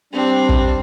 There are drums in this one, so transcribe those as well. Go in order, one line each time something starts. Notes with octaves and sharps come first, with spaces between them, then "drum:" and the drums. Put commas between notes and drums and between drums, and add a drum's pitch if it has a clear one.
G3 C4 D4
drum: kick